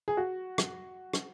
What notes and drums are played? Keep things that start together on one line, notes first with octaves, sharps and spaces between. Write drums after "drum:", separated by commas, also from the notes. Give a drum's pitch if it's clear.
G#4
F#4
drum: rim click
drum: rim click